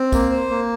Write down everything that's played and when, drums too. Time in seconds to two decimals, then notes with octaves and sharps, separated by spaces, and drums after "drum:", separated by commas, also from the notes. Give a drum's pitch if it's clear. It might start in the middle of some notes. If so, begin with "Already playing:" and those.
Already playing: C4
0.12 A#3, drum: kick, tambourine
0.31 C5
0.50 A#3